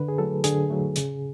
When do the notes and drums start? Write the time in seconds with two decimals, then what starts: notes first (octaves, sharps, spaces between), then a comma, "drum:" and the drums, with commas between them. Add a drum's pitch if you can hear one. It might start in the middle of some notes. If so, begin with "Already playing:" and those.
Already playing: D3 B4
0.08 G#4
0.18 F#3 A3 A4
0.44 D3 G#4, drum: hi-hat
0.70 F#3 A3
0.96 C#3, drum: hi-hat